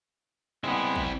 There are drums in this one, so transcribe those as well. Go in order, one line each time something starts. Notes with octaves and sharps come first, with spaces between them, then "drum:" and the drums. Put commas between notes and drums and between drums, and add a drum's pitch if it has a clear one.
G#3 B3 C4 E4
drum: kick